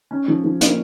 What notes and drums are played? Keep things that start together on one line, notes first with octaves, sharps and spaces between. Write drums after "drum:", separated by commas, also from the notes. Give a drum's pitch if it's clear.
C#4
F3
F3
A#3, drum: hi-hat